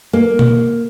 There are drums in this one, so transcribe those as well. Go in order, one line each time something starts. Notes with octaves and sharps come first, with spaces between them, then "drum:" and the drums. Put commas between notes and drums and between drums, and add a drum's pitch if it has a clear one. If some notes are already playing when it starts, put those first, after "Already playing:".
A#3
drum: tom B2